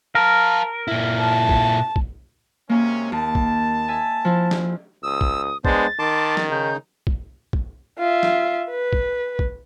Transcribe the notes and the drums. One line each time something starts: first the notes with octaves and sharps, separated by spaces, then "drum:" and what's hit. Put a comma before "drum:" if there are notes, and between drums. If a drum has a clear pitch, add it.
A#4 F5 A5
A#2 E4
A5
drum: kick
drum: kick
C3 G#3 A#3 C#4
D#2 A5
drum: kick
E5 G#5
F3 E4
drum: snare
C#2 D#6 E6
drum: kick
G#3 B3 D4 C5 A6, drum: kick
D#3 A5 C6 D6
drum: snare
C#3 D#4 G6
drum: kick
drum: kick
F4 E5
drum: snare
B4
drum: kick
drum: kick